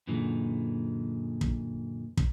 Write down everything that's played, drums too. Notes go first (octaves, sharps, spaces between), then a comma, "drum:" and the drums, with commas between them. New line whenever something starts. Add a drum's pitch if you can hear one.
F#2 A#2 D3 E3 G#3
drum: kick
drum: kick